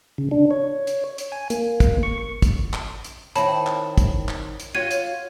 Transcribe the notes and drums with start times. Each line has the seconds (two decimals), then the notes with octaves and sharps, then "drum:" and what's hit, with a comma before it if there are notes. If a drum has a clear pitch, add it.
0.18 C#3
0.31 D4
0.51 C#5
0.87 drum: hi-hat
1.18 drum: hi-hat
1.32 G#5
1.50 A#3, drum: hi-hat
1.80 drum: kick, hi-hat
2.03 C#6
2.42 drum: kick, hi-hat
2.73 drum: clap
3.04 drum: hi-hat
3.35 D#3 C4 E4 C#5 A5 B5, drum: hi-hat
3.67 drum: clap
3.98 drum: kick, hi-hat
4.29 drum: clap
4.60 drum: hi-hat
4.75 F4 F#4 C#5 G#6 D#7
4.91 drum: hi-hat